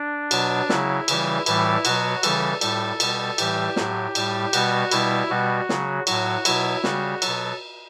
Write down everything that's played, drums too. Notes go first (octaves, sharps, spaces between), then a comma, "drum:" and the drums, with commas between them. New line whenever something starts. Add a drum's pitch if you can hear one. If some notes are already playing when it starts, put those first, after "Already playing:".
Already playing: D4
B2 F#3, drum: cymbal
C#3 F#3 E4, drum: snare
C#3 E3 G3, drum: cymbal
A2 E3 G3 E4, drum: cymbal
B2 F#3 F#4, drum: cymbal
C#3 E3 G3 A4, drum: cymbal
A2 G3 A4, drum: cymbal
B2 G3, drum: cymbal
A2 E3 G3 G4, drum: cymbal
A2 F#3, drum: snare
A2 G3, drum: cymbal
B2 G3 F#4, drum: cymbal
B2 G3 E4, drum: cymbal
B2 G3 F#4
C#3 F#3, drum: snare
A2 F#3 F#4, drum: cymbal
B2 F#3 E4, drum: cymbal
C#3 G3 F#4, drum: snare
B2 F#3 A4, drum: cymbal